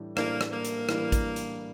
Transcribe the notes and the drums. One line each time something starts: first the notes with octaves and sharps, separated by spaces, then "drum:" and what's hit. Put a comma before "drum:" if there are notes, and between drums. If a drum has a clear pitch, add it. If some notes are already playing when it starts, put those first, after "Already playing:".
Already playing: A2 E3 G3 D4
A2 E3 G3 A#3 D4, drum: rim click
drum: rim click
A#3
drum: hi-hat
A2 E3 G3 D4, drum: rim click
drum: kick, hi-hat
drum: hi-hat